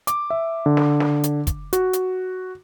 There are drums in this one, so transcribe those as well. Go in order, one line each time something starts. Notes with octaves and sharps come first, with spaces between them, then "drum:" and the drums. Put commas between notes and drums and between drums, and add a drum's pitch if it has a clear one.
D6, drum: hi-hat
E5
D3
drum: snare
drum: snare
drum: hi-hat
drum: kick, hi-hat
F#4, drum: hi-hat
drum: hi-hat